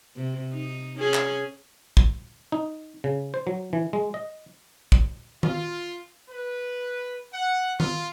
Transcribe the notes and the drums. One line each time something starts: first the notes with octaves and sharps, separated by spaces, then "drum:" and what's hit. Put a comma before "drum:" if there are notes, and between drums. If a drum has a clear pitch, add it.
C3
D#4
C#4 G#4
drum: clap
drum: kick
D#4
C#3
C5
F#3
E3
G#3
D#5
drum: kick
F4, drum: tom D#3
B4
F#5
F4, drum: tom D#3